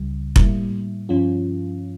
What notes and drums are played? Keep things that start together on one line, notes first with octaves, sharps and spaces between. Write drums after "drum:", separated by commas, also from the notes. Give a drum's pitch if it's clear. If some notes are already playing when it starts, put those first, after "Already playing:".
Already playing: C#2 C#3 G3
A2 G3 A#3 E4, drum: kick F1
G2 F3 C#4 F4